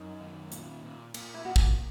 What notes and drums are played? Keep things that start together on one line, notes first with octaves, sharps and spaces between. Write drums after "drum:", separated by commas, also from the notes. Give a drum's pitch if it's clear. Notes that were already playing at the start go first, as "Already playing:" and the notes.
Already playing: F#2 D#4
D#3
A#2, drum: hi-hat
A#2
A#2, drum: cymbal
E4
A#2 F#4
drum: kick